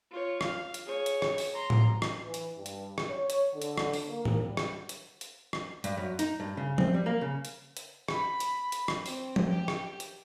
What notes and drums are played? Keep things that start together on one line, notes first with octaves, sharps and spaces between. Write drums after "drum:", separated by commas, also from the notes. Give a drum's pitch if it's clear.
F4 C#5
F5, drum: rim click
drum: hi-hat
G#4 C#5
drum: hi-hat
drum: rim click
drum: open hi-hat
A#5 C6
drum: tom A2
drum: rim click
E3
drum: hi-hat
G2
drum: hi-hat
drum: rim click
C#5
drum: hi-hat
D3
drum: hi-hat
drum: rim click
drum: open hi-hat
A#3
drum: tom
G3
drum: rim click
drum: hi-hat
drum: hi-hat
drum: rim click
G2, drum: hi-hat
F#2
D#4, drum: hi-hat
G2
C#3
C4, drum: tom F3
G3
A#3
C#3
drum: hi-hat
drum: hi-hat
B5, drum: rim click
drum: hi-hat
drum: hi-hat
drum: rim click
C4, drum: open hi-hat
drum: tom F3
G4
drum: rim click
drum: hi-hat